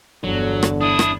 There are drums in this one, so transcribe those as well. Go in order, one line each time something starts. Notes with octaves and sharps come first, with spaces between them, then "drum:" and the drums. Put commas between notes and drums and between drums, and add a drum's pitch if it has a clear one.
G1 E2 D3 F#3
drum: rim click
D4 E4 D#6
drum: rim click